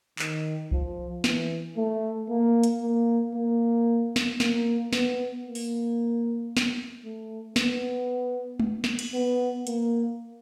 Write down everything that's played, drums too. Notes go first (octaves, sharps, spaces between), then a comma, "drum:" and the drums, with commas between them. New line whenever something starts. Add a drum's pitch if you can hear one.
D#3, drum: clap
F3, drum: kick B1
E3, drum: snare
A3
A#3
drum: hi-hat
A#3
A#3
drum: snare
A#3, drum: snare
B3, drum: snare
A#3
drum: open hi-hat
drum: snare
A3
B3, drum: snare
drum: tom G#3
drum: snare
drum: cymbal
B3
A#3, drum: hi-hat